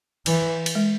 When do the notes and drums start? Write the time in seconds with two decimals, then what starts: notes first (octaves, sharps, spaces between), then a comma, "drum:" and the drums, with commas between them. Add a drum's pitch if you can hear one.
0.26 E3, drum: cymbal
0.66 drum: cymbal
0.75 G#3